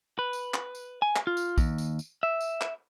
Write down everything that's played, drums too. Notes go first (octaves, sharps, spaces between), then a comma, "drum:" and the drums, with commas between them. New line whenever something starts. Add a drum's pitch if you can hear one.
B4
drum: tambourine
drum: clap
drum: tambourine
G#5
drum: clap
F4
drum: tambourine
D#2, drum: kick A#1, tambourine
drum: tambourine
drum: tambourine
E5
drum: tambourine
drum: clap